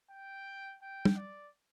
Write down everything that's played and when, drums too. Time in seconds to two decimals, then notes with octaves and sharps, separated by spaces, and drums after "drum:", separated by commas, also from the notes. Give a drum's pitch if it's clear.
0.10 G5
0.82 G5
1.05 drum: tom
1.17 D5